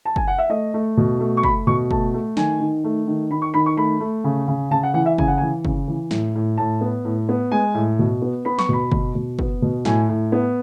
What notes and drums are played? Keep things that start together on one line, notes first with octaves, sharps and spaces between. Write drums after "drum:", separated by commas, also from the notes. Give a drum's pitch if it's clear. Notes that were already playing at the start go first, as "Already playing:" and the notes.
A5
G#5, drum: kick
F#5
E5
A3 D#5
A3
B2
A3
C#6
A3 B5, drum: kick
B2 C#6
A3 A5, drum: kick
A3
D#3 G#5, drum: snare
D#3
A3
D#3
D#3 B5
C#6
D#3 B5
C#6
A3 B5
A3
C#3
C#3
C#3 A5
F#5
E3 F#5
E5
C#3 G#5, drum: kick
F#5
G#5
E3
C#3, drum: kick
E3
A2, drum: snare
A2
A2 A5
B3
A2
B3
G#3 G#5
A2
B2
B3
B3 B5
C#6, drum: snare
B2 B5
B2, drum: kick
B2
B3, drum: kick
B2
A2 G#5, drum: snare
A2
B3